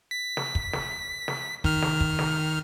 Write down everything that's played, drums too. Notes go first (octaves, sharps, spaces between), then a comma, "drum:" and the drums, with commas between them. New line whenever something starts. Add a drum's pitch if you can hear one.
B6
drum: snare
drum: kick
drum: snare
drum: snare
D#3 F6, drum: kick
drum: snare
drum: kick
drum: snare